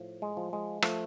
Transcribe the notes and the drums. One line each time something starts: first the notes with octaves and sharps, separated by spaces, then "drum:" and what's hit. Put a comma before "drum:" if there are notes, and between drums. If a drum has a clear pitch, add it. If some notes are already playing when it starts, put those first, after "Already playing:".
Already playing: A2 F3
G#3
F3
G#3
F3 A3, drum: rim click